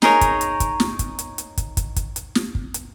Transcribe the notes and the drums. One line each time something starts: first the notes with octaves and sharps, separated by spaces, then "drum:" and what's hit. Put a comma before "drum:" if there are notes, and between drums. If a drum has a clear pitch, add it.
D#4 G#4 A#4 C#5, drum: snare
drum: kick, hi-hat
drum: hi-hat
drum: kick, hi-hat
drum: snare
drum: kick, hi-hat
drum: hi-hat
drum: hi-hat
drum: kick, hi-hat
drum: kick, hi-hat
drum: kick, hi-hat
drum: hi-hat
drum: snare
drum: kick
drum: hi-hat